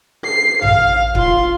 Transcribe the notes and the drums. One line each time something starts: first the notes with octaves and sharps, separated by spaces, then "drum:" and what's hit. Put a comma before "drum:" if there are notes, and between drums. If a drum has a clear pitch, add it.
C7
F5, drum: tom A1
F4 C6, drum: kick